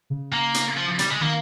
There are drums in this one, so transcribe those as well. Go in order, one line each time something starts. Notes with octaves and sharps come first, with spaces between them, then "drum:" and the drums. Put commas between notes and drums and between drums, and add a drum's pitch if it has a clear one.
C#3
A#3
drum: hi-hat
F3
G3, drum: hi-hat
G#3
D#3 A#3